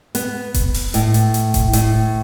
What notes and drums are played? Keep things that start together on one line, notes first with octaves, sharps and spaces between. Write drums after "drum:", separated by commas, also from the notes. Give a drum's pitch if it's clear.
B3, drum: hi-hat
drum: kick D#1, hi-hat
drum: open hi-hat
A2, drum: hi-hat
drum: hi-hat
drum: hi-hat
drum: kick D#1, hi-hat
A2, drum: hi-hat